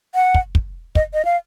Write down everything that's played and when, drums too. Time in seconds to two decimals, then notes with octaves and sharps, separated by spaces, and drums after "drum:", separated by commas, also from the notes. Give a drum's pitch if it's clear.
0.15 F#5
0.34 drum: kick
0.55 drum: kick
0.95 D#5, drum: kick
1.14 D#5
1.25 F5